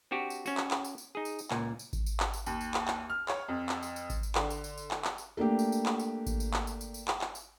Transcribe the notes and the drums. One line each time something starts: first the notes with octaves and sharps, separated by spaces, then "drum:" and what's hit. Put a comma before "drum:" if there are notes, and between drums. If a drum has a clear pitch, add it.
C4 D4 F#4 G4
drum: tambourine
C#4 F#4, drum: tambourine
drum: clap
drum: clap
drum: tambourine
drum: tambourine
D#4 G#4
drum: tambourine
drum: tambourine
C#2 A#2, drum: clap
drum: tambourine
drum: kick G#1, tambourine
drum: tambourine
drum: clap
drum: tambourine
D#2, drum: tambourine
drum: tambourine
drum: clap
drum: clap
F6
C#5, drum: clap
F2
drum: clap
drum: tambourine
drum: tambourine
drum: kick G#1, tambourine
drum: tambourine
D3, drum: clap
drum: tambourine
drum: tambourine
drum: tambourine
drum: clap
drum: clap
drum: tambourine
A3 A#3 D4 G4
drum: tambourine
drum: tambourine
drum: clap
drum: tambourine
drum: kick G#1, tambourine
drum: tambourine
drum: clap
drum: tambourine
drum: tambourine
drum: tambourine
drum: clap
drum: clap
drum: tambourine